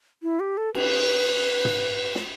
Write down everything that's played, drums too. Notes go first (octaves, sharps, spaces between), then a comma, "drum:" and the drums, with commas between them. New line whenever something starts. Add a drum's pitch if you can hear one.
E4
G4
A4
B4, drum: cymbal
drum: tom
drum: snare